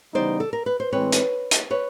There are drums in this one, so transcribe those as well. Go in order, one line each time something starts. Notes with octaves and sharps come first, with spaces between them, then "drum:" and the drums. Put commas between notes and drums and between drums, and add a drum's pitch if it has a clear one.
C#3 E3 G3 B3 D#4 C5 D5
A4
A#4
B4
C5
A2 E3 G#3 C4 B4 C#5
drum: hi-hat
drum: hi-hat
B4 C#5